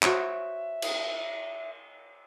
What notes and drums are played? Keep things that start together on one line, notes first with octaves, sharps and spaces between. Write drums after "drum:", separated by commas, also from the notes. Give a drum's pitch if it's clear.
F#4 C5 C#5 E5, drum: clap
drum: cymbal